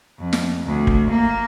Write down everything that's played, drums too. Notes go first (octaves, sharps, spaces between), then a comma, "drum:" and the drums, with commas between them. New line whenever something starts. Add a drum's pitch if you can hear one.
F2
drum: snare
D2
drum: kick
A#3